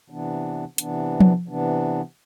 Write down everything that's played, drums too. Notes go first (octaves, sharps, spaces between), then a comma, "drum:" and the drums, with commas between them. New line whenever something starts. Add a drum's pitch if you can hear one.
C3 E3 B3 D4
C3 E3 B3 D4, drum: hi-hat
drum: tom F3
C3 E3 B3 D4